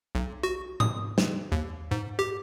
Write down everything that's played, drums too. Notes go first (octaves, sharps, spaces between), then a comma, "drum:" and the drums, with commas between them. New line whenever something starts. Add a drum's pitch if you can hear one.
B1
F#4
D#6, drum: tom G#2
drum: snare
D#2
G#2
G4